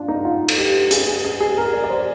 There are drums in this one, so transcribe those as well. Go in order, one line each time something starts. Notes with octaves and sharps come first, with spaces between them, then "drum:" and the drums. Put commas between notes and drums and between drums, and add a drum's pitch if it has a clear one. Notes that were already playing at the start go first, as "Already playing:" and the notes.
Already playing: D4 F4
D#4
F4
drum: cymbal
G4
G#4, drum: hi-hat
G#4
G#4
G#4
A#4
D5
D5
C5